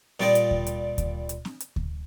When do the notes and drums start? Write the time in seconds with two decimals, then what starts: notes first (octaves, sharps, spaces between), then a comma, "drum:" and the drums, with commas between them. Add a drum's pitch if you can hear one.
0.20 A#2 G3 F4 D5 D#5 G5, drum: snare C4
0.35 drum: hi-hat
0.51 drum: kick D2
0.67 drum: hi-hat
0.98 drum: kick D2, hi-hat
1.29 drum: hi-hat
1.45 drum: snare C4
1.60 drum: hi-hat
1.76 drum: kick D2